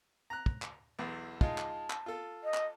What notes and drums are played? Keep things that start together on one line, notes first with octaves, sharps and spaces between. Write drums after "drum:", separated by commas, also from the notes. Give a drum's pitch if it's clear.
A#5 F#6
drum: kick
drum: clap
B1 E2 E3
G#3 D#4 F4 A5, drum: kick
drum: clap
drum: clap
F4 A4
D#5
drum: clap